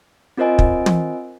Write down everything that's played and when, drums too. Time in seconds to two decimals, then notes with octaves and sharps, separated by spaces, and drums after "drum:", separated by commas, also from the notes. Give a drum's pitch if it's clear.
0.37 C4 F4 A#4 C5 D#5 G#5
0.59 drum: kick
0.86 drum: tom